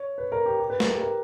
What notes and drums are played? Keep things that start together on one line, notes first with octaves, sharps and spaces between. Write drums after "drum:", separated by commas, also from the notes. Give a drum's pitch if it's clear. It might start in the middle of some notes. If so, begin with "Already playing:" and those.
Already playing: C#5
B4
A#4
G4
G4
B4
A#4, drum: snare
G4
A#4